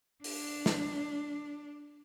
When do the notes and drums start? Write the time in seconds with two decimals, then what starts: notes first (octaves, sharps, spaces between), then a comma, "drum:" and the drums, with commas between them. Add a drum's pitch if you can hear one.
0.24 D4, drum: open hi-hat
0.66 drum: snare